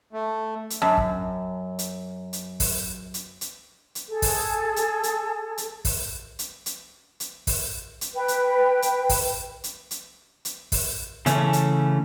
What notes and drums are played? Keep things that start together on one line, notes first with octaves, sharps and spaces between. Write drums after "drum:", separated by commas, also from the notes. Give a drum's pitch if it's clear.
A3
drum: hi-hat
F#2 A5
drum: kick
drum: hi-hat
drum: hi-hat
drum: kick, open hi-hat
drum: hi-hat
drum: hi-hat
drum: hi-hat
G#4 A4
drum: kick, open hi-hat
drum: hi-hat
drum: hi-hat
drum: hi-hat
drum: kick, open hi-hat
drum: hi-hat
drum: hi-hat
drum: hi-hat
drum: kick, open hi-hat
drum: hi-hat
B4 G5
drum: hi-hat
drum: hi-hat
drum: kick, open hi-hat
drum: hi-hat
drum: hi-hat
drum: hi-hat
drum: kick, open hi-hat
C#3 E3 A3 C#4, drum: hi-hat
drum: hi-hat